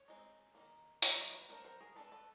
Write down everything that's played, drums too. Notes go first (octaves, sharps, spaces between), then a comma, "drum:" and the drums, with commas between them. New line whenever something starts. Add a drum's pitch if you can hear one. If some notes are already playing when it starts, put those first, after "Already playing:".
Already playing: C#5
G#3 C4 D#4
D#3 G3 A#3
D#3 F#3 A#3, drum: hi-hat
C#5 D#5
B4 C#5
F#3 A3 D4 A#4 C5
A#4 C5
G#4 A#4
G#3 B3 D4 A4 B4
A4 B4